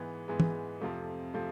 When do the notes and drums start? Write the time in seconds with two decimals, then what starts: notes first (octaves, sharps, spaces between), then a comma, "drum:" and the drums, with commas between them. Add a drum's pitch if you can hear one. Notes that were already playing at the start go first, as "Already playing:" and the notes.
Already playing: G#2 E3 G#3 B3
0.28 G#2 E3 G#3 B3
0.40 drum: tom
0.80 F2 C3 F3 A3
1.34 C3 F3 A3